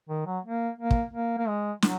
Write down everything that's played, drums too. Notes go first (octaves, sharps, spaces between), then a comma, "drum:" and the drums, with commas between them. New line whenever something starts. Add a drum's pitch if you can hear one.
D#3
F#3
A#3
A#3
drum: kick
A#3
A#3
G#3
F#3, drum: snare